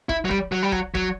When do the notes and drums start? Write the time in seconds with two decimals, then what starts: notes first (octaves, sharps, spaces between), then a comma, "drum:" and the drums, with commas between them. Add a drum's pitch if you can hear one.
0.09 E4, drum: kick
0.25 F#3
0.30 G3, drum: kick
0.52 F#3
0.63 G3
0.72 F#3, drum: kick
0.95 F#3, drum: kick